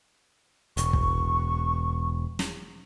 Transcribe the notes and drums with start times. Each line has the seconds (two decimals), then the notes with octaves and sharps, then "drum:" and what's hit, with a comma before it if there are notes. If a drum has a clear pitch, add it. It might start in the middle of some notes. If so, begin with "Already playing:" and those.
0.77 E1 C#6, drum: hi-hat
0.93 drum: kick
2.39 drum: snare